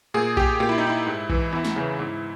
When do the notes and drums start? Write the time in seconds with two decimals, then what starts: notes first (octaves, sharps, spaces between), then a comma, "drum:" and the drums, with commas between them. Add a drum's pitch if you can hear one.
0.14 A#2 G#4
0.37 G4, drum: kick B1
0.60 A#2 G4
0.69 E4
0.78 D#4
0.87 E4
1.07 G#2
1.29 E3, drum: kick B1
1.52 E2 E4
1.64 drum: snare
1.76 C#3 E3
1.99 G#2